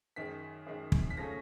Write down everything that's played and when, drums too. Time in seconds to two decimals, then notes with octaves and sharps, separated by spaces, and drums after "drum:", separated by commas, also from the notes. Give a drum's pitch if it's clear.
0.16 F#2 D#3 G#3 B6
0.67 F#2 D#3 G#3
0.92 drum: kick
1.10 B6
1.17 C#3 F3 A3 C#4 A#6